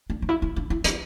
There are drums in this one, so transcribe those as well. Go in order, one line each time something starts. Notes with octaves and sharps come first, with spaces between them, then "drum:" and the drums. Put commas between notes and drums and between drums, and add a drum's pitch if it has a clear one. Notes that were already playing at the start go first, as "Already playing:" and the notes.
D4
D4
E4
E4
D4
E4
D4, drum: hi-hat